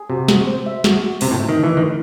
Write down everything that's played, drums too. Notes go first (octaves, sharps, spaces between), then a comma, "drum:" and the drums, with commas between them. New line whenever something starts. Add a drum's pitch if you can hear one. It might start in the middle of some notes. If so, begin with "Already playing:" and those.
Already playing: G#4
C3 F#4
F#4, drum: snare
C5
E5
F#4, drum: snare
F#4
C3 C5, drum: open hi-hat
A2
E5
D#3
E3 A3
D#3 A3